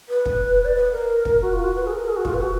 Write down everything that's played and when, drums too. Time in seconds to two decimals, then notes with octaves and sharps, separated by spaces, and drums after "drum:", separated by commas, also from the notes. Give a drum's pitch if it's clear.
0.09 B4
0.26 drum: kick
0.65 D5
0.75 B4
0.92 A#4
1.25 drum: kick
1.42 F#4
1.53 F4
1.64 F#4
1.75 B4
1.87 G#4
1.92 A#4
2.09 G#4
2.17 F#4
2.25 F4, drum: kick
2.33 B4
2.41 F#4